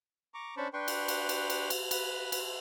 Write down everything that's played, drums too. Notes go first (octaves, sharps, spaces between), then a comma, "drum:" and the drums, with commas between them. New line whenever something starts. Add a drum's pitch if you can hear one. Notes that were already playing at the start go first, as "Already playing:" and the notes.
A#5 C#6 D6
C#4 D4 C5 A5 B5 C#6
D4 B4 G5 C6 C#6
drum: cymbal
drum: cymbal
drum: cymbal
drum: cymbal
drum: cymbal
B4, drum: cymbal
drum: cymbal